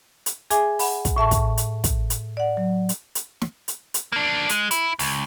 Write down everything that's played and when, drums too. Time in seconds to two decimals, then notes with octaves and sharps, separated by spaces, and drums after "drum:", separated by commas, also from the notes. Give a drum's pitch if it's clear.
0.26 drum: hi-hat
0.51 G#4 E5 G#5 D6, drum: hi-hat
0.79 F#5 B5, drum: open hi-hat
1.05 drum: kick, hi-hat
1.16 A2 E5 A5 C#6
1.31 drum: kick, hi-hat
1.57 drum: hi-hat
1.84 drum: kick, hi-hat
2.10 drum: hi-hat
2.37 D5 F#5
2.57 F#3
2.89 drum: hi-hat
3.15 drum: hi-hat
3.42 drum: snare
3.68 drum: hi-hat
3.94 drum: hi-hat
4.12 A#3 D4
4.49 G#3, drum: hi-hat
4.71 E4, drum: hi-hat
4.99 C#2, drum: open hi-hat